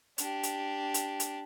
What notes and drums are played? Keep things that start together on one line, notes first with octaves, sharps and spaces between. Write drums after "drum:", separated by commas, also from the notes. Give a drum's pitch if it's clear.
D4 G4, drum: hi-hat
drum: hi-hat
drum: hi-hat
drum: hi-hat